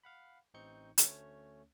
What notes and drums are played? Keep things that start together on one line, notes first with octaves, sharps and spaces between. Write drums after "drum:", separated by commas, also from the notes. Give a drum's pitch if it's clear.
F5 F#5 B5
A1 C4 D#4 C#6 G6 C#7
D2 A3 C#4 C#5, drum: hi-hat